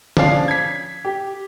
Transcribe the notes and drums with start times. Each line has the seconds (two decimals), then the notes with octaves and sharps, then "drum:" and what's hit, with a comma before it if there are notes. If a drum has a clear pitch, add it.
0.17 F3 C#4 D4 F5, drum: tom D3
0.48 G#6 B6
1.05 G4